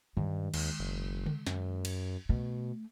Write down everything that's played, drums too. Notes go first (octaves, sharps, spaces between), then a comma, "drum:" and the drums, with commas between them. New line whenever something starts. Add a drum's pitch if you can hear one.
G2 D#3 G#3
D#2, drum: cymbal
F#1
drum: tom C#3
F#2, drum: snare
drum: cymbal
B2 A3